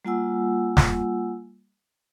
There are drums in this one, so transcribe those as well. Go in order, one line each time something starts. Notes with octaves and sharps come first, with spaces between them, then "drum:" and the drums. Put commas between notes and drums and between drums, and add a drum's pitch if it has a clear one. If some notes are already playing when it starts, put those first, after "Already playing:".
G3 A#3 F4 F#5 G#5 E6
drum: snare